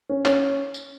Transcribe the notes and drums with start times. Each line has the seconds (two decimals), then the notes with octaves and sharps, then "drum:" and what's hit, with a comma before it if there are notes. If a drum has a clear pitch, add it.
0.09 C#4
0.25 C#4, drum: clap
0.74 drum: tambourine